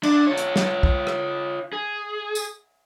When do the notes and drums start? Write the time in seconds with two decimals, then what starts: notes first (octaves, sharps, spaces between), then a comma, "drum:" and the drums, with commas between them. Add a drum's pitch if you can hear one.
0.03 D4, drum: cymbal
0.27 F4 C#5
0.37 drum: hi-hat
0.56 drum: snare
0.83 drum: kick
1.07 drum: rim click
1.73 G#4
2.35 drum: tambourine